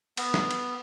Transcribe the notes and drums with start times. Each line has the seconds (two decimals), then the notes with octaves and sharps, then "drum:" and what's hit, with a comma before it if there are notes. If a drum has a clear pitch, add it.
0.17 B3, drum: cymbal
0.34 drum: snare
0.51 drum: cymbal